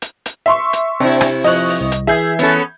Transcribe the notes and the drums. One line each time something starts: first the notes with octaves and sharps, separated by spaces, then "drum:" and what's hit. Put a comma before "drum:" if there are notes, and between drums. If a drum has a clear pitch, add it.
drum: hi-hat
drum: hi-hat
E5 C6 C#6
drum: hi-hat
C3 C4 D4 E4
drum: rim click
F3 D#5 C#6 F#6, drum: open hi-hat
drum: open hi-hat
C2
drum: hi-hat
E3 G#4 E5 G6 G#6 C7
B3 C#4 A4, drum: hi-hat